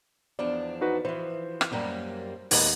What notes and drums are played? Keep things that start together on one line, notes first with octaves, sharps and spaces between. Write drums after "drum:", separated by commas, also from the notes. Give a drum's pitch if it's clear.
E2 F3 D4 D5
D#4 F#4 B4
E3 F3 C5
drum: rim click
F#2 G3 A#3
D#2 G#3 A#3 B4, drum: open hi-hat